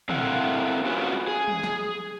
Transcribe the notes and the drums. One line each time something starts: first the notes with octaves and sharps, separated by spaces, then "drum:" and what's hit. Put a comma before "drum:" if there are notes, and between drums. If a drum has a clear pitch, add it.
C4 E4 A4 A#4 F5 F#5, drum: tom
C#4 F4 F#4 G#4 B4
G#4
drum: tom
drum: snare